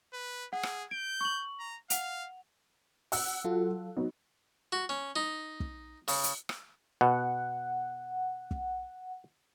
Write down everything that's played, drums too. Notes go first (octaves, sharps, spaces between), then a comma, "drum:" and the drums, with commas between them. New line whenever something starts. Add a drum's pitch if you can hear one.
B4
G#4 F#5
drum: rim click
G6 D7
C#6 F#7
A#5
F5 F#5 F7, drum: hi-hat
F#5 E6 F#6, drum: open hi-hat
F#3 F4 A4
F#3 B3 D#4
F#4
C#4
D#4
drum: kick
C#3, drum: open hi-hat
drum: hi-hat
drum: rim click
B2 F#5
drum: kick